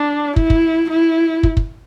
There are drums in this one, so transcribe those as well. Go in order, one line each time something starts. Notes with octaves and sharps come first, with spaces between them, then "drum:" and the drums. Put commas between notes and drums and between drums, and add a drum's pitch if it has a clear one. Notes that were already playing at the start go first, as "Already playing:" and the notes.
Already playing: D4
E4, drum: kick
drum: kick
E4
drum: kick
drum: kick